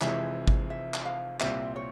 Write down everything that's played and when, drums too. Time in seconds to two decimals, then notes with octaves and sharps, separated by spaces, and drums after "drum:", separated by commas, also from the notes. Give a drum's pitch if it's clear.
0.01 F1 F2 C3 E3 G#3 E5, drum: clap
0.48 drum: kick G#1
0.70 E5
0.94 drum: clap
1.05 F5
1.40 C2 A#2 G3 C4 G4 E5, drum: clap
1.76 C#5